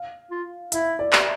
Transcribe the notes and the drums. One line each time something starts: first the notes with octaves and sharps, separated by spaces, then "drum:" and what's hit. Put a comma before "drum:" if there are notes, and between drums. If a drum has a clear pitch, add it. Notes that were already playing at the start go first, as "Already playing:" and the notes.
Already playing: F5
F4
E4 E5, drum: hi-hat
D5
drum: clap